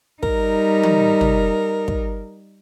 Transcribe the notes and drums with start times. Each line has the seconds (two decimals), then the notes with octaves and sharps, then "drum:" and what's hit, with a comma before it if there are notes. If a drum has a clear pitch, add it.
0.23 G3 D#4 A#4, drum: kick
0.83 drum: tom E3
1.21 drum: tom
1.88 drum: kick